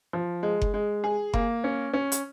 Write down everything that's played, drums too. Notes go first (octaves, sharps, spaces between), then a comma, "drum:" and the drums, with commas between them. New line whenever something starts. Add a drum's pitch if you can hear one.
F3
G#3
drum: kick F#1
G#3
G#4
A#3, drum: kick F#1
C#4
C#4
drum: hi-hat